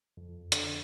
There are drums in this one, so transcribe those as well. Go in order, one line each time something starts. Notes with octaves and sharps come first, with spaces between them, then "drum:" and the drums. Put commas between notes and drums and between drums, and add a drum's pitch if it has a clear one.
F2
D3, drum: hi-hat